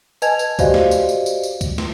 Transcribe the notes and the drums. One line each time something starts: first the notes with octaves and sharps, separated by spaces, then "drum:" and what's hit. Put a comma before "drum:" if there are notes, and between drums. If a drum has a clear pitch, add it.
B4 D#5 G#5 A5 G#6 F7, drum: tambourine
drum: tambourine
F#4 G4 C5 D5 D#5 F5, drum: kick, tambourine
drum: snare
drum: tambourine
drum: tambourine
drum: tambourine
drum: tambourine
drum: kick, tambourine
drum: snare